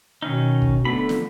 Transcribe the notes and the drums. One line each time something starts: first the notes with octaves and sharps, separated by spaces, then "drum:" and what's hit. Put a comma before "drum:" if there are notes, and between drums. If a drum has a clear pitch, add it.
B2 D#3 C#4 D#4
drum: kick
D3 A3 B3 B5
drum: snare